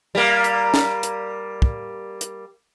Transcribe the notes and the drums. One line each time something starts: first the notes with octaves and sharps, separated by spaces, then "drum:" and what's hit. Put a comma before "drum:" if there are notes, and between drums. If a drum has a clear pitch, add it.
G3 A#3
drum: hi-hat
drum: snare
drum: hi-hat
drum: kick
drum: hi-hat